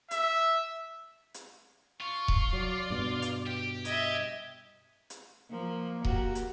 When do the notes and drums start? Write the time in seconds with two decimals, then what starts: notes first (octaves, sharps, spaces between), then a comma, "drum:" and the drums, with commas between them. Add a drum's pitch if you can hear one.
0.11 E5, drum: hi-hat
1.34 drum: hi-hat
2.01 F4 C#6
2.28 drum: kick D#1
2.53 F#3 D5
2.90 G2 B2
3.22 drum: hi-hat
3.47 G4
3.85 D#5 E5 G#6, drum: hi-hat
5.10 drum: hi-hat
5.50 F3 A#3
6.05 F#4 G4, drum: kick D#1
6.35 drum: hi-hat